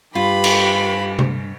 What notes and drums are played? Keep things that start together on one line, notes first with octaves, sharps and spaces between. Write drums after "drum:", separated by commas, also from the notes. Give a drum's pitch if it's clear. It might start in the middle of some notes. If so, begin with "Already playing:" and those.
G2 F4 G4 B4 B5
drum: cymbal
drum: tom C3